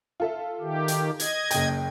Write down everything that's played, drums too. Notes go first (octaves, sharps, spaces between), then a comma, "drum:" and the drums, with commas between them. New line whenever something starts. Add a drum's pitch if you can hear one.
F4 A4 E5
D#3 G4
drum: hi-hat
D#5 G#6, drum: hi-hat
F#1 G5, drum: hi-hat